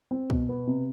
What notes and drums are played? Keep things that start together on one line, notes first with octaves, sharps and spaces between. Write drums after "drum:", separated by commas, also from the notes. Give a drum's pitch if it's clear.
C4
B2, drum: kick
B3
C3